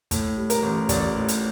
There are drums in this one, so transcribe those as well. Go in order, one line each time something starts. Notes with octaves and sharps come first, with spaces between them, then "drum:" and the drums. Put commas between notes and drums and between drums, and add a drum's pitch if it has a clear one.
A2, drum: kick, hi-hat
G3
A#4, drum: hi-hat
A1
A1 D5, drum: kick, hi-hat
A2
drum: hi-hat